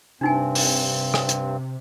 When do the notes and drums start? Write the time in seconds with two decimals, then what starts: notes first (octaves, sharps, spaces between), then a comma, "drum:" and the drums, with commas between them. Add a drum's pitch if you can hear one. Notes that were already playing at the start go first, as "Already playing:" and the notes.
0.21 G2 C3 C4 D4 D#4 G#5
0.55 drum: open hi-hat
1.14 drum: rim click
1.29 drum: hi-hat